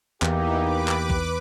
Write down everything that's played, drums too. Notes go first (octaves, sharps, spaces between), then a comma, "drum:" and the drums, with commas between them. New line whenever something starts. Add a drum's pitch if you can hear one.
E2 E3 A#3 D#4 G4, drum: clap
B4 D6
drum: clap
drum: kick A#1